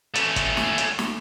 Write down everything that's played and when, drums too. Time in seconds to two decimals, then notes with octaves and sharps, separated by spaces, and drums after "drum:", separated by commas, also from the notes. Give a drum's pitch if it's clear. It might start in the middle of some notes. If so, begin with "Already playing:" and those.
0.15 A3 C#4, drum: hi-hat
0.36 drum: kick, hi-hat
0.57 drum: snare
0.78 drum: hi-hat
0.99 drum: snare